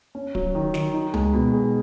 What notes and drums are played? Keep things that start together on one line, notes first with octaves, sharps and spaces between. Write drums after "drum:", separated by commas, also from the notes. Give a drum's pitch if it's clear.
C#4
F#3, drum: kick D1
D#3
D#3, drum: snare
D#4
G#3, drum: tom C#2
B2
G#4